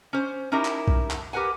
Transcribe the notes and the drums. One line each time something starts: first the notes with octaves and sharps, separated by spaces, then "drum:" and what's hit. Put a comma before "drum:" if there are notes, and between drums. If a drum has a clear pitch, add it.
C#4 C5
C#4 D#4 E4 G4 A#4
drum: clap
drum: kick B1
drum: clap
G4 A#4 B4 F#5 G#5